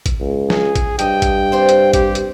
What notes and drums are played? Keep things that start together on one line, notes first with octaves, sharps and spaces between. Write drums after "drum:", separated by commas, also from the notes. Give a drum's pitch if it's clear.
drum: kick G#1, hi-hat
C#2
G#4, drum: snare
drum: kick G#1, hi-hat
G2 D4 D#5 G5, drum: hi-hat
drum: kick G#1, hi-hat
C4 C5 D5
drum: hi-hat
G4, drum: kick G#1, hi-hat
drum: hi-hat